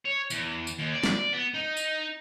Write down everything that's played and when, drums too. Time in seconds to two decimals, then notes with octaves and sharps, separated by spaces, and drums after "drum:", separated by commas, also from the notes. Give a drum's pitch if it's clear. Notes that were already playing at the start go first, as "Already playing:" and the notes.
0.05 C#5
0.30 E2, drum: tambourine
0.67 drum: tambourine
0.79 D#2
0.94 D5
1.04 drum: snare
1.33 B3
1.54 D#4
1.77 drum: tambourine